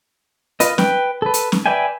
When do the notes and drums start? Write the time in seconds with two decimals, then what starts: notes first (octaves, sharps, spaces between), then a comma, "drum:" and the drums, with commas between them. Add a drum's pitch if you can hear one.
0.60 F4 B4 D#5, drum: hi-hat
0.78 B4 G5, drum: snare
1.22 A4 B4
1.34 drum: hi-hat
1.52 drum: snare
1.66 B4 D5 E5 G5 G#5